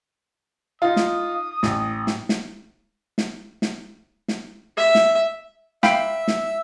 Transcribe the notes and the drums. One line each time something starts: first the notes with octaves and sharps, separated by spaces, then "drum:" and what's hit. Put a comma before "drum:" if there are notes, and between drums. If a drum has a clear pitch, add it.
D#4 F4 D#6
drum: snare
A1, drum: snare
drum: snare
drum: snare
drum: snare
drum: snare
drum: snare
E5
drum: snare
E5 F5 G5 B5, drum: snare
drum: snare